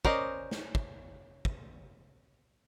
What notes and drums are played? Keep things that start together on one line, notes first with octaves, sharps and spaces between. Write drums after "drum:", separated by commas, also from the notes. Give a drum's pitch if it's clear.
C#4 A#4 C5 D5 D#5, drum: kick
drum: snare
drum: kick
drum: kick